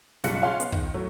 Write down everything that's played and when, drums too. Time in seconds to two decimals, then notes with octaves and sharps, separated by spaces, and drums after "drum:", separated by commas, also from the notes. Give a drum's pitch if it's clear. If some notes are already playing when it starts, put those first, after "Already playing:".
0.24 F#1 B1 G3 F4 F#6 C#7, drum: snare
0.42 F4 G#4 C#5 F5 G5 C6
0.60 B3, drum: hi-hat
0.72 D#3, drum: kick
0.94 A2 F#3 A3